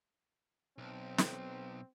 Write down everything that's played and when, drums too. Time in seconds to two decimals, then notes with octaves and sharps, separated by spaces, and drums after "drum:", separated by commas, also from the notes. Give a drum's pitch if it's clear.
0.78 B1 C4
1.18 drum: snare